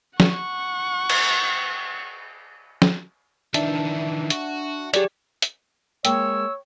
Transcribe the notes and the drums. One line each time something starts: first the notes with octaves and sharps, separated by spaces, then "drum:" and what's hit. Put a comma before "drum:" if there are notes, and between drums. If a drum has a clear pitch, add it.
F#5 C#6, drum: snare
drum: cymbal
drum: snare
D#3 E3 D4 E5 A5, drum: hi-hat
F#4, drum: hi-hat
F#3 G4 G#4 D5, drum: hi-hat
drum: hi-hat
G#3 A#3 C#5 G5 E6, drum: hi-hat